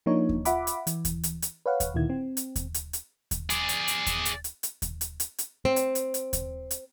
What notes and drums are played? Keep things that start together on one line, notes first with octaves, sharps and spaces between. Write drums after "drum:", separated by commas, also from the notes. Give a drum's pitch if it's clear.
F3 A#3 D4 D#4 C#5
drum: kick D#2
F4 E5 F#5 B5 D6, drum: hi-hat
drum: hi-hat
E3, drum: hi-hat
drum: kick D#2, hi-hat
drum: hi-hat
drum: hi-hat
B4 C#5 F5 F#5
drum: kick D#2, hi-hat
D2 A#2 D#3 E4 G#6
C4
drum: hi-hat
drum: kick D#2, hi-hat
drum: hi-hat
drum: hi-hat
drum: kick D#2, hi-hat
G#4 D5, drum: hi-hat
drum: hi-hat
drum: hi-hat
drum: kick D#2, hi-hat
drum: hi-hat
drum: hi-hat
drum: hi-hat
drum: kick D#2, hi-hat
drum: hi-hat
drum: hi-hat
drum: hi-hat
C4
drum: hi-hat
drum: hi-hat
drum: hi-hat
drum: kick D#2, hi-hat
drum: hi-hat